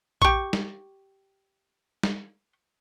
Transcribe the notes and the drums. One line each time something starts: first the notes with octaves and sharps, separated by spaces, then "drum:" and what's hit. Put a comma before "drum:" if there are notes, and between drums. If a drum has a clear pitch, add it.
G4 C#6, drum: kick A#1
drum: snare
drum: snare